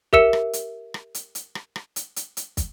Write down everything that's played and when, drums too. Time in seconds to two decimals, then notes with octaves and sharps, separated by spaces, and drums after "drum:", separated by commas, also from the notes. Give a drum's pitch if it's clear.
0.13 G4 A#4 E5 E6 C#7 E7, drum: kick
0.33 drum: rim click
0.53 drum: hi-hat
0.94 drum: rim click
1.15 drum: hi-hat
1.35 drum: hi-hat
1.55 drum: rim click
1.76 drum: rim click
1.96 drum: hi-hat
2.16 drum: hi-hat
2.37 drum: hi-hat
2.57 drum: kick, hi-hat